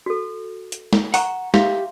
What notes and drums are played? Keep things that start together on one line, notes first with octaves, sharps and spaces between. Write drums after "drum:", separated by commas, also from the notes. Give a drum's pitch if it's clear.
F#4 A4
drum: hi-hat
drum: snare
F#5 A#5 C#6, drum: open hi-hat
G4 E5 F5 C6, drum: snare